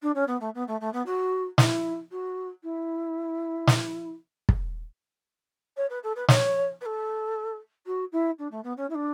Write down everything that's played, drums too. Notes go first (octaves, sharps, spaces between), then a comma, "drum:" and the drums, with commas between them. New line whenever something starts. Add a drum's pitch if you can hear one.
D4
C#4
B3
A3
B3
A3
A3
B3
F#4
E4, drum: snare
F#4
E4
drum: snare
drum: kick
C#5
B4
A4
B4
C#5, drum: snare
B4
A4
F#4
E4
D4
A3
B3
C#4
E4
D4